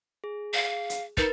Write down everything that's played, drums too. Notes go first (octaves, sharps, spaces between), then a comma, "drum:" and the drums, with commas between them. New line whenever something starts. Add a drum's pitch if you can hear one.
G#4
F5
drum: hi-hat
D#4 A#4 B4 A6, drum: kick